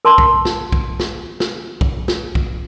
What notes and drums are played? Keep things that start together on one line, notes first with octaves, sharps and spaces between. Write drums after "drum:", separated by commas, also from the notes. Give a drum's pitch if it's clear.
A#4 A5 C6
drum: kick
drum: snare
drum: kick
drum: snare
drum: snare
drum: kick
drum: snare
drum: kick